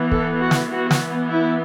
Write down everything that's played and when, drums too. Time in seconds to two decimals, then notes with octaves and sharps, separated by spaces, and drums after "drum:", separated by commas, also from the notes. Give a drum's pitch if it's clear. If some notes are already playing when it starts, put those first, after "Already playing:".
Already playing: E3 B3
0.11 A4, drum: kick
0.41 F#4
0.51 drum: snare
0.71 E3 B3 F#4
0.91 drum: snare
1.30 E4